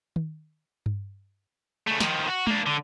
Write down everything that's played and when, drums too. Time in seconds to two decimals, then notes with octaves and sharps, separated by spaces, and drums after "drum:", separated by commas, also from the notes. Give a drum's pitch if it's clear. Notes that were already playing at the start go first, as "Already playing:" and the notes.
0.16 drum: tom D#3
0.86 drum: tom G2
1.87 C#3 A3
2.00 D#3 F3, drum: snare
2.28 F#4
2.47 A#3 D4, drum: tom G#3
2.66 D3